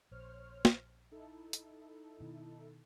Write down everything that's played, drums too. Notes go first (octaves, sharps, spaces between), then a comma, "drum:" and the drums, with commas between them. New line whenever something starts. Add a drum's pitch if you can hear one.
A#1 C5 C#5 F6
drum: snare
D#4 E4 A4
drum: hi-hat
B2 D#3